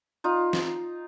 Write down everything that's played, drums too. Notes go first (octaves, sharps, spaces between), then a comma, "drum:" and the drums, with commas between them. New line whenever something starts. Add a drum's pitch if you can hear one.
D#4 F4
drum: snare